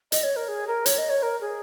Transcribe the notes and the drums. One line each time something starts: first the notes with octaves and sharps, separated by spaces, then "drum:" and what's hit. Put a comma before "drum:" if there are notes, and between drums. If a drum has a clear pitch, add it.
D#5, drum: hi-hat
C#5
A#4
G#4
A#4
C#5, drum: hi-hat
D#5
C#5
A#4
G#4